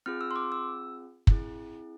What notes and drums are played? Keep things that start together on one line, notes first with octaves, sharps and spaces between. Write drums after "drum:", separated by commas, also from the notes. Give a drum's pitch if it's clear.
C4 F4 G#4 F6
E6
C6
D6
E6
C4 E4 G#4, drum: kick